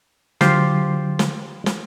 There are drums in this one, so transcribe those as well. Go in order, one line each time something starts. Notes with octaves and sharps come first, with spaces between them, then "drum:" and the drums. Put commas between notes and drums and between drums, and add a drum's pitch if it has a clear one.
D3 F#3 F4 G4 C5, drum: snare
drum: snare
drum: snare